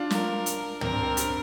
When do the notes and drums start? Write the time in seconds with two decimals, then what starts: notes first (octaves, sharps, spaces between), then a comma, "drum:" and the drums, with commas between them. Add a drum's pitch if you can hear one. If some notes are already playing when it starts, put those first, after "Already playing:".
Already playing: D4 F4
0.10 A#4, drum: snare
0.46 drum: hi-hat
0.81 C4 A#4, drum: tom
0.91 D4
1.02 C4
1.17 G3, drum: hi-hat